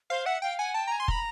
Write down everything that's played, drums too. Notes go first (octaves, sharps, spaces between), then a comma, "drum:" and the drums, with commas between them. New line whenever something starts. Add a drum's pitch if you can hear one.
C5 F5
E5 F#5
F5 G5
F#5 G#5
G5 A5
A#5
G#5
C6
A#5 B5, drum: kick F1